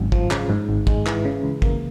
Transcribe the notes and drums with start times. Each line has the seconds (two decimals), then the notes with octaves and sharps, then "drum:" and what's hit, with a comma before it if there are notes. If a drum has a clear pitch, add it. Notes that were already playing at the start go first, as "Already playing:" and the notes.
Already playing: G#1 F#2
0.12 F3, drum: kick
0.31 C#3, drum: clap
0.49 G#2
0.69 G#1
0.87 G#3, drum: kick
1.06 E3, drum: clap
1.25 C#3
1.44 C#2
1.62 A#3, drum: kick